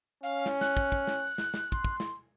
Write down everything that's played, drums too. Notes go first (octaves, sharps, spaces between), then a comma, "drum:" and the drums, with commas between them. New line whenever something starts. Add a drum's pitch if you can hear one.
C#4 F5
drum: snare
F#6, drum: snare
drum: kick
drum: kick
drum: snare
drum: snare
drum: snare
C6, drum: kick
drum: kick
drum: snare